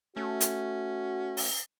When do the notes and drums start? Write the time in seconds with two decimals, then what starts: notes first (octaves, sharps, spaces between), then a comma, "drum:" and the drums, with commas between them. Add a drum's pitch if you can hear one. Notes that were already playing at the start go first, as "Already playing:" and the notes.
0.16 A3 C#4 F#4
0.41 drum: hi-hat
1.37 drum: open hi-hat